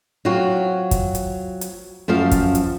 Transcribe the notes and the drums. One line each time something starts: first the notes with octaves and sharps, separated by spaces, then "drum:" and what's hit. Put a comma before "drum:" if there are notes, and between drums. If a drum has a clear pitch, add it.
F#3 C4 F4 F#4
drum: kick, hi-hat
drum: hi-hat
drum: hi-hat
F#2 F3 C5 F5
drum: kick, hi-hat
drum: hi-hat